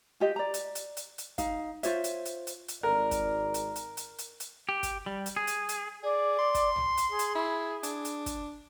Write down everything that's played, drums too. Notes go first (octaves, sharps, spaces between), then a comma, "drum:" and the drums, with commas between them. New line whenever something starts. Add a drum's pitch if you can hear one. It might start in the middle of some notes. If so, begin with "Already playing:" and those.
F4 G4 D#5
D5 A#5
drum: hi-hat
drum: hi-hat
drum: hi-hat
drum: hi-hat
D#4 F5, drum: kick, hi-hat
F4 C5 C#5 E5, drum: hi-hat
drum: hi-hat
drum: hi-hat
drum: hi-hat
drum: hi-hat
G#1 A#4 D5
drum: kick, hi-hat
drum: hi-hat
drum: hi-hat
drum: hi-hat
drum: hi-hat
drum: hi-hat
G4
drum: kick, hi-hat
G3
drum: hi-hat
G#4
drum: hi-hat
drum: hi-hat
G#4 D5
C6
drum: kick, hi-hat
drum: tom B1
drum: hi-hat
G#4
drum: hi-hat
E4
D4, drum: hi-hat
drum: hi-hat
drum: kick, hi-hat